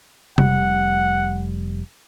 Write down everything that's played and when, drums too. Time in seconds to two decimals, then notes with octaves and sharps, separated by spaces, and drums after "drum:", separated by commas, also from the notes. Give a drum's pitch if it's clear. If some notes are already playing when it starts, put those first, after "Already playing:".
0.38 F1 G3 F#5, drum: tom C3